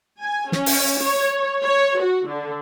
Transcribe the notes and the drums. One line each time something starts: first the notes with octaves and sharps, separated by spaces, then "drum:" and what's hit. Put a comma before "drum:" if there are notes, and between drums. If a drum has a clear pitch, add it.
G#5
C#4, drum: snare
drum: open hi-hat
C#5
C#5
F#4
D3